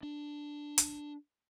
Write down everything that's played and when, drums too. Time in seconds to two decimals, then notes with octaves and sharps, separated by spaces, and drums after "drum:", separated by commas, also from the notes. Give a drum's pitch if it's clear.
0.03 D4
0.78 drum: hi-hat